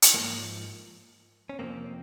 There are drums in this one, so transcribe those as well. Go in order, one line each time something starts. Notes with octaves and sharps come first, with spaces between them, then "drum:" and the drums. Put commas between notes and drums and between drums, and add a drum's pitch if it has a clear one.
drum: hi-hat
G#2 F3 A#3
C#4
F2 C3 F3 A#3 C4